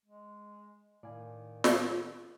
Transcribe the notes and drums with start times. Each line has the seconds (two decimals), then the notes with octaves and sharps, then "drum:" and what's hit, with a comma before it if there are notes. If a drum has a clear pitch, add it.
0.06 G#3
1.03 A2 D#3 D5 F5 G#5
1.64 drum: snare